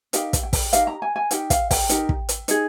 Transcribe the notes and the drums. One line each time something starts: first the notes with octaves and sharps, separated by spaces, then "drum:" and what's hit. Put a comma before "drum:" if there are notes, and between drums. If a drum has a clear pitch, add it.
D#4 G4 A#4 F5, drum: hi-hat
drum: kick, hi-hat
G5
drum: kick, open hi-hat
D#4 G4 A#4 F5, drum: hi-hat
A#5
G#5
G#5
D#4 G4 A#4 G5, drum: hi-hat
F5, drum: kick, hi-hat
G5, drum: kick, open hi-hat
D#4 G4 A#4, drum: hi-hat
drum: kick
drum: hi-hat
D#4 G#4, drum: hi-hat